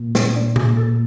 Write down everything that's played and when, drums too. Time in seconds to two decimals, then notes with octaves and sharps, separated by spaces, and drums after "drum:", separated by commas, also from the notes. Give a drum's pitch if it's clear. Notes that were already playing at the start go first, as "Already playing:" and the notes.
Already playing: A#2
0.15 C4, drum: snare
0.36 D4
0.56 G#4, drum: tom B2
0.77 A4